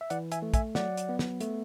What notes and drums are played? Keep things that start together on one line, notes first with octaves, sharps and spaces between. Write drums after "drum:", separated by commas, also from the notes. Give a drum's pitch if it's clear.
E5
E3 D5 F#5, drum: hi-hat
E5 G#5, drum: hi-hat
A3
E5 G#5, drum: kick, hi-hat
F#3 D5 F#5, drum: snare
drum: hi-hat
B3
drum: snare
A3, drum: hi-hat